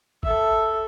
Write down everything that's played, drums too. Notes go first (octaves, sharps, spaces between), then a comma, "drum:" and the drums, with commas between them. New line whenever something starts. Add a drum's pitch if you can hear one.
A4 E5, drum: kick A1